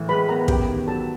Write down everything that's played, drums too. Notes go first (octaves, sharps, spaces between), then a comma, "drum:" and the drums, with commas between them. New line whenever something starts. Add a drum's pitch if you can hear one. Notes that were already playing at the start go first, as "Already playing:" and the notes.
Already playing: A2 E3
G#3 B4 B5
B3 A#4 A#5
F#2 G4 G5, drum: kick
D#3
F#3 A4 A5